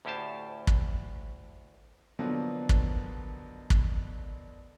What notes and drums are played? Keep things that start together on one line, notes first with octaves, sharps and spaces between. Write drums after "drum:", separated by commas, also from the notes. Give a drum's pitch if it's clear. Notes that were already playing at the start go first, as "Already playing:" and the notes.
D2 A2 C#4 G4 C5 A5
drum: kick
B2 D3 F3 F#3 A#3 B3
drum: kick
drum: kick